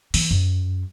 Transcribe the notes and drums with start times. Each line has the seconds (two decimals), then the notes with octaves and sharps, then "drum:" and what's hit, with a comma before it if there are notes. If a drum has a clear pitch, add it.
0.14 E3, drum: open hi-hat
0.31 F#2